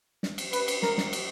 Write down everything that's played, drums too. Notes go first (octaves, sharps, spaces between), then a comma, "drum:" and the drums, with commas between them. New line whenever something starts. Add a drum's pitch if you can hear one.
drum: snare
drum: cymbal
B4, drum: cymbal
drum: cymbal
A#4, drum: snare
drum: snare
drum: cymbal